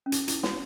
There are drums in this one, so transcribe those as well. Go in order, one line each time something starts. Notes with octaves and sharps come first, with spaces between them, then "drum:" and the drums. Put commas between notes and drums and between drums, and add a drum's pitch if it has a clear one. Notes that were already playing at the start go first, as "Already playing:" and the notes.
C#4
D#4, drum: hi-hat
E4, drum: hi-hat
F#4, drum: snare